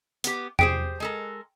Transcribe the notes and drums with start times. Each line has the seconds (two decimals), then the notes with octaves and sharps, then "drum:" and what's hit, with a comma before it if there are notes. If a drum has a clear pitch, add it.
0.24 B3 G4, drum: hi-hat
0.59 G4 G#4 C5 G5, drum: tom E2
1.00 G#3 A4 A#4